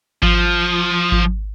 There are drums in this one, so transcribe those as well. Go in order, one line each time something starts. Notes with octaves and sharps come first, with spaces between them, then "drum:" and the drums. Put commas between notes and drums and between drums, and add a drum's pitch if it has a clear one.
F3, drum: kick G#1
drum: kick G#1